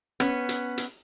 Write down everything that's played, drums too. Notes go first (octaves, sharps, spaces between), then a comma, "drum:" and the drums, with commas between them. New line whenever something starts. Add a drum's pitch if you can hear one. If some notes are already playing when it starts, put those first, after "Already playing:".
B3 C#4, drum: rim click
drum: hi-hat
drum: hi-hat